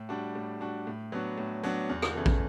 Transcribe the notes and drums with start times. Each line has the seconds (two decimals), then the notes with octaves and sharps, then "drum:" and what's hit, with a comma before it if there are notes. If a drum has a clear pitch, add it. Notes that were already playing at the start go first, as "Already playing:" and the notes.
Already playing: A2
0.09 G3 D4 F#4
0.35 A2
0.61 G3 D4 F#4
0.87 A2
1.12 F#3 B3 D4 F#4
1.38 A2
1.64 F#3 B3 D4 F#4
1.90 E2
2.02 drum: rim click
2.15 C#3 E3 A3
2.26 drum: kick